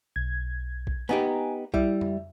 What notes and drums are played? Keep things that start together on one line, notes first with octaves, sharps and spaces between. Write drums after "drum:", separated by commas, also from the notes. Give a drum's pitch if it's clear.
B1 G#6
drum: kick B1
B3 D#4 G4 G#5 A#5
G3 E4 E5, drum: kick B1
drum: tom F2